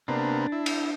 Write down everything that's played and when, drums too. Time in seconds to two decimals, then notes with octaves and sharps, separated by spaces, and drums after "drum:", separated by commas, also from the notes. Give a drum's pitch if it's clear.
0.08 C3 A#3 B3 D4
0.52 E4
0.66 drum: cymbal